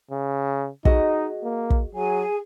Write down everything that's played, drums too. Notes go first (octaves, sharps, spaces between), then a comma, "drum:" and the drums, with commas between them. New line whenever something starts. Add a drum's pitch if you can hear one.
C#3
D#4 F#4 G#4 D#5, drum: kick
A#3
drum: kick
F#3 G#4 G#5